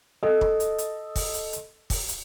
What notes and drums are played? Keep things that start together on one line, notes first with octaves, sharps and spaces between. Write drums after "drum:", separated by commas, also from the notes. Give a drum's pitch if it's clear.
A4 D#5
drum: kick
drum: hi-hat
drum: hi-hat
drum: kick, open hi-hat
drum: hi-hat
drum: hi-hat
drum: kick, open hi-hat
drum: hi-hat